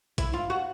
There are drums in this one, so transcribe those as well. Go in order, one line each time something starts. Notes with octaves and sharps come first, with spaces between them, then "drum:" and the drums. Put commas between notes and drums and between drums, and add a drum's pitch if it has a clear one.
E4, drum: kick, hi-hat
F4
F#4